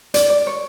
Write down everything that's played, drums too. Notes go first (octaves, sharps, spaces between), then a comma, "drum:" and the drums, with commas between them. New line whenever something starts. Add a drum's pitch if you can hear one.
D5, drum: hi-hat
D5
C#5